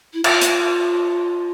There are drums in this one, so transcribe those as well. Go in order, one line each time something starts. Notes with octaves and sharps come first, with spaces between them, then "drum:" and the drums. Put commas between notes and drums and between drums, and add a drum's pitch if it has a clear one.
E4
F4, drum: cymbal
drum: hi-hat